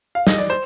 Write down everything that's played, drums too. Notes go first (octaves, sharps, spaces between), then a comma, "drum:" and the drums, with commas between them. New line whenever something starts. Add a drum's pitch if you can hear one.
F5
D#5, drum: snare
D5
C5